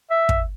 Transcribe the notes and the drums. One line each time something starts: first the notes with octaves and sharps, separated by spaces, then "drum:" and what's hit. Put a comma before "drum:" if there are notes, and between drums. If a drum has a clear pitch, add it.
E5
drum: kick